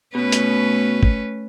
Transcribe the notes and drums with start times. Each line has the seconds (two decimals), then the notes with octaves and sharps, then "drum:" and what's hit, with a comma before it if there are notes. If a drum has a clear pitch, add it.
0.15 B2 A3 C#4 B4
0.32 drum: hi-hat
1.03 drum: kick